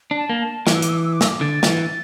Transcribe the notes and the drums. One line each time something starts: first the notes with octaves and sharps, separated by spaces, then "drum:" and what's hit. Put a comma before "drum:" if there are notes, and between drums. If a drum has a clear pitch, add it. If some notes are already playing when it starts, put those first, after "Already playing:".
D4
A5
A#3
A5
E3 D6, drum: snare
E6
D6, drum: hi-hat
E6
D6
E6
D6
E6, drum: snare
D6
D3 A6
F3, drum: snare
E3